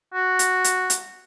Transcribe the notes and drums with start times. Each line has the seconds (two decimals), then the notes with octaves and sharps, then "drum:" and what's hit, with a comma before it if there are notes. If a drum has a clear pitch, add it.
0.14 F#4
0.39 drum: hi-hat
0.64 drum: hi-hat
0.90 drum: hi-hat